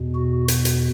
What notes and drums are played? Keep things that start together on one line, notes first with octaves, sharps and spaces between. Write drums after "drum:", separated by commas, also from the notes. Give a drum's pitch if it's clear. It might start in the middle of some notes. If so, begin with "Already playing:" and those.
Already playing: E2 B2
F#4
drum: hi-hat
drum: hi-hat